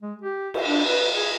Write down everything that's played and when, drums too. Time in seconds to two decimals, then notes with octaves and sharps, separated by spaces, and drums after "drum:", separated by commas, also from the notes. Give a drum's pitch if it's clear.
0.02 G#3
0.21 G4
0.54 drum: cymbal
0.65 D4
0.86 B4
1.14 G#4